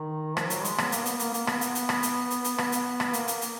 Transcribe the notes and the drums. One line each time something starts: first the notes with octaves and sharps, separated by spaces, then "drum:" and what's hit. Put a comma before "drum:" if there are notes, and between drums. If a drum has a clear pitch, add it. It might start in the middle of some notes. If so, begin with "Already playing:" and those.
Already playing: D#3
F3, drum: rim click
F#3, drum: hi-hat
G#3, drum: hi-hat
B3, drum: rim click
A#3, drum: hi-hat
B3, drum: hi-hat
A#3, drum: hi-hat
A#3, drum: hi-hat
B3, drum: rim click
drum: hi-hat
drum: hi-hat
drum: rim click
drum: hi-hat
drum: hi-hat
drum: hi-hat
B3, drum: rim click
drum: hi-hat
drum: rim click
A#3, drum: hi-hat
drum: hi-hat
drum: hi-hat